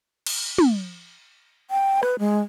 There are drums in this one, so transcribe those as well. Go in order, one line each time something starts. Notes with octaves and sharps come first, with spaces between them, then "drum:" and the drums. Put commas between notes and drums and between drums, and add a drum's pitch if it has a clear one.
drum: cymbal
drum: tom
G5
B4, drum: rim click
G#3